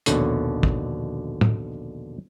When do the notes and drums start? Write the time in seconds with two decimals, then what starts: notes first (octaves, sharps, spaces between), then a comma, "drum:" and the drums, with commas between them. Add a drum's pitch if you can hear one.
0.06 A#1 D#2 B2 D3 C#5, drum: hi-hat
0.63 drum: kick
1.41 drum: tom